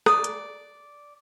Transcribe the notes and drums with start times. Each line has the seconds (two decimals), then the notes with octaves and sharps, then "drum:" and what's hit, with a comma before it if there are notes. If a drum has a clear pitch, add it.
0.06 D5 D#6, drum: rim click
0.24 drum: hi-hat